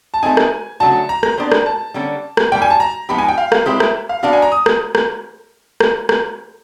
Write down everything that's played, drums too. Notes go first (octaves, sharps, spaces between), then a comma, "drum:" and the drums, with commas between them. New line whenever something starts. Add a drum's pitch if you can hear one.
A5
A3 C4 D#4 G#5
drum: rim click
C#3 F#3 A3 D4 F#4 A5
A#5
A#5, drum: rim click
B3 D4 G4 C5
drum: rim click
A5
D3 G3 A#3 C#4
drum: rim click
D#3 G3 A#3 G5
G#5
A5
A#5
F3 G#3 B3 D#4 G4 B5
G#5
G5
F5
F5, drum: rim click
G#3 C4 E4 G4 C5 E5
drum: rim click
F5
B3 D4 F#4 F5
G#5
A#5
D#6
drum: rim click
drum: rim click
drum: rim click
drum: rim click